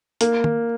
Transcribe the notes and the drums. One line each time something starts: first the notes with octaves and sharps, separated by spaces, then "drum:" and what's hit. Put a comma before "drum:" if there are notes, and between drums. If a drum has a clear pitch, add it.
A#3, drum: hi-hat
drum: tom